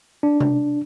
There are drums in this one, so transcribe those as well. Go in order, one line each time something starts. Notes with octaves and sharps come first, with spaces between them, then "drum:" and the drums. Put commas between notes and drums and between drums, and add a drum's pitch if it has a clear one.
D4
drum: tom C3